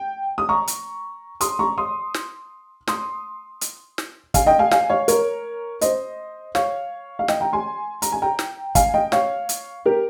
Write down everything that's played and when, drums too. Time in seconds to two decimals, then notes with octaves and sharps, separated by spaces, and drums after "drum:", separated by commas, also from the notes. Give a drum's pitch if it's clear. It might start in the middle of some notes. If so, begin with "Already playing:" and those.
Already playing: G5
0.38 D#6
0.49 A#5 C#6
0.68 drum: hi-hat
1.41 C6 D#6, drum: hi-hat
1.59 A#5 C#6
1.78 C6 D#6
2.14 drum: snare
2.87 C6 D#6, drum: snare
3.61 drum: hi-hat
3.98 drum: snare
4.34 F5 G#5, drum: kick, hi-hat
4.46 D#5 G5
4.59 F5 G#5
4.71 F5 G#5, drum: snare
4.90 C#5 F5
5.08 A#4 C#5, drum: hi-hat
5.81 C5 D#5, drum: hi-hat
6.55 C#5 F5, drum: snare
7.19 F5
7.28 D#5 G5, drum: snare
7.40 G5 A#5
7.53 G#5 C6
8.02 A#5, drum: hi-hat
8.12 G#5
8.22 G5 A#5
8.39 drum: snare
8.75 F5 G#5, drum: kick, hi-hat
8.94 D#5 G5
9.12 C#5 F5, drum: snare
9.49 drum: hi-hat
9.86 G4 A#4